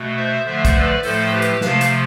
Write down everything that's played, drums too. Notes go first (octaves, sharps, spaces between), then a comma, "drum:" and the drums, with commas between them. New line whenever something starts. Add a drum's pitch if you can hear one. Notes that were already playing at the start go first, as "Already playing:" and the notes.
Already playing: B2 A3
C5 E5
D3 F3 A3 C5 E5
drum: kick, hi-hat
B4 D5
A2 F3 A3 A4 C5, drum: open hi-hat
G4 B4
drum: hi-hat
C3 F3 A3 F5 A5, drum: snare
drum: hi-hat